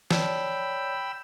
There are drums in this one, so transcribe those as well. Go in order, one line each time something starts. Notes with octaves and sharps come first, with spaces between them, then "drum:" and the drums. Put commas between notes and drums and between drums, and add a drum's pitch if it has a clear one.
C#5 D5 G5 A5 B5 E6, drum: snare